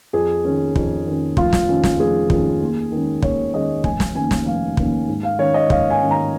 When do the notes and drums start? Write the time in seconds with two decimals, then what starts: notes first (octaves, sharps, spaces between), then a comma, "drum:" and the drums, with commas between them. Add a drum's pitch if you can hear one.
0.13 F2 G#4
0.44 D#3 C#4
0.76 F2, drum: kick
1.06 D#3 C#4
1.37 F1 F4, drum: kick
1.53 drum: snare
1.68 F2 D#3 C#4
1.84 drum: snare
1.99 F1 G#4
2.30 F2 D#3 C#4, drum: kick
2.61 D#2
2.92 D#3 G#3 C#4
3.22 D#2 C#5, drum: kick
3.54 D#3 G#3 C#4 D#5
3.84 F1 G#5, drum: kick
4.00 drum: snare
4.15 D#2 D#3 C#4 G#5
4.31 drum: snare
4.46 F1 F5
4.77 D#2 D#3 C#4, drum: kick
5.08 G#2
5.23 F5
5.39 D#3 C#4 C#5
5.54 D#5
5.70 G#2 F5, drum: kick
5.90 G#5
6.01 D#3 C#4
6.11 A#5